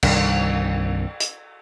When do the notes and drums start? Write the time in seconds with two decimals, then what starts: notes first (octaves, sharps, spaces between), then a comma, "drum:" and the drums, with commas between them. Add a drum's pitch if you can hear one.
0.03 C2 G2 D#3, drum: cymbal
1.20 drum: hi-hat